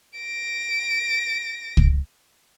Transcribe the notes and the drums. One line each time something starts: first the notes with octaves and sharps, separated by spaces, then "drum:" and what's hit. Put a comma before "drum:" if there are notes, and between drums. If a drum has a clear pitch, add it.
A#6 D7
drum: kick